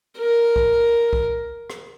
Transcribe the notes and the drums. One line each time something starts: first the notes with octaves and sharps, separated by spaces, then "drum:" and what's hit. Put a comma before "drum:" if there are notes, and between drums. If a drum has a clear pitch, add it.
A#4
drum: kick B1
drum: kick B1
drum: rim click